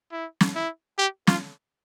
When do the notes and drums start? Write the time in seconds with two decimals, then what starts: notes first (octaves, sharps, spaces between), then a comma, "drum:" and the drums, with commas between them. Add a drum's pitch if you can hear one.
0.12 E4
0.40 drum: snare
0.55 E4
0.98 G4
1.27 F4, drum: snare